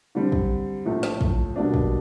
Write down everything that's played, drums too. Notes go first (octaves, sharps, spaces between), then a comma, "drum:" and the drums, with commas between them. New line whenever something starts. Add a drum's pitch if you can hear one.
D3 G3 C4
drum: kick
A#1 A2 F3 A3
drum: snare
drum: kick
B2 G3 A#3 D4
drum: kick